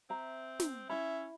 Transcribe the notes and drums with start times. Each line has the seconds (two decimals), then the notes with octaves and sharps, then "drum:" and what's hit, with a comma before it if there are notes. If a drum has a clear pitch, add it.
0.10 C4 E5 A#5
0.60 drum: snare
0.90 C#4 E4 E5 B5